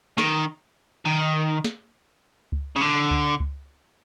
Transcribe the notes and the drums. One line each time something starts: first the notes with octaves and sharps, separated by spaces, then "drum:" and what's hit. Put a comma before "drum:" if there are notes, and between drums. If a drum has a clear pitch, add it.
D#3, drum: snare
D#3
drum: snare
drum: kick C#2
C#3
D3
drum: kick C#2
drum: kick C#2